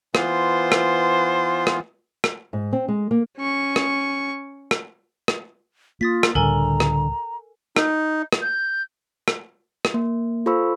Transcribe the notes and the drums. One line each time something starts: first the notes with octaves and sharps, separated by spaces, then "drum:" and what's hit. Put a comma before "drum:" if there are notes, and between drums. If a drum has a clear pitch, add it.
E3 B3 F4 C5, drum: rim click
drum: rim click
drum: rim click
drum: rim click
G#2
C4
G#3
A#3
C#4 C#6
drum: rim click
drum: rim click
drum: rim click
A#3 F4 D#6 A6 B6
drum: rim click
C#2 A2 D3 G3 A4 A#4 G#5 A#5
drum: rim click
D#4, drum: rim click
drum: rim click
G6
drum: rim click
drum: rim click
A#3
F4 A4 C5 B5 C#6 E6